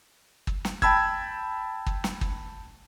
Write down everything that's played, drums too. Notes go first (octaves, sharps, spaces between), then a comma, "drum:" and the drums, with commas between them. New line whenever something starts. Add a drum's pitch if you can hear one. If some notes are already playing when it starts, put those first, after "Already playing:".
drum: kick
drum: snare
G5 A5 B5 E6 G#6, drum: kick
drum: kick
drum: snare
drum: kick